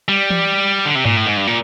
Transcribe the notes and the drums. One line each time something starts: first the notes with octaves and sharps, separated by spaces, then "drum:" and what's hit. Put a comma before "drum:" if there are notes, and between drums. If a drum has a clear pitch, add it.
G3
drum: tom E3
D3
C3
A#2, drum: tom G2
A2
G#2
G2
A#2